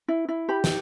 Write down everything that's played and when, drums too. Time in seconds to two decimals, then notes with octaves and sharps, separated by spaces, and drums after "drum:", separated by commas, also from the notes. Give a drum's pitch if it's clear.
0.08 E4
0.29 E4
0.49 G4 B5
0.64 drum: snare